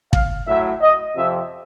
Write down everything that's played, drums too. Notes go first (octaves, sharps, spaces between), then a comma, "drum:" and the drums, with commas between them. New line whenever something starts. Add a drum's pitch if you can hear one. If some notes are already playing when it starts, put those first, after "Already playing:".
F5, drum: kick
A2 F#3 E5
D#5
F2 C3 F3 E5